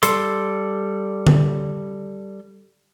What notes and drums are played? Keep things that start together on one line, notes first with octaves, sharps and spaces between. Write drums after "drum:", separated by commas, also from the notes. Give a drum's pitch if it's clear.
G3 A4 C6, drum: hi-hat
drum: tom D3